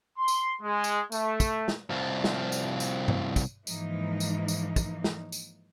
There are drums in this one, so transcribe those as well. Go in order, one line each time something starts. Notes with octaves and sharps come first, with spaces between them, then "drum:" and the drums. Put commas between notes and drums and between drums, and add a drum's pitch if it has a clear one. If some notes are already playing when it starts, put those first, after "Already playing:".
C6
drum: tambourine
G#3
drum: tambourine
A3, drum: tambourine
drum: kick, tambourine
drum: snare
C2 F3
drum: snare
drum: tambourine
drum: tambourine
drum: tom G2
drum: kick, tambourine
G#2 E3 F3 A#3 D#4, drum: tambourine
drum: tambourine
drum: tambourine
drum: kick, tambourine
drum: snare
drum: tambourine